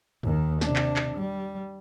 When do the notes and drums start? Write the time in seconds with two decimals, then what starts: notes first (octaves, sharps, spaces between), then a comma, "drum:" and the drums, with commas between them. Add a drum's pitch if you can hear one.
0.23 D#2 D#3, drum: tom
0.61 C3 D4, drum: snare
0.76 drum: clap
0.96 drum: clap
1.15 G3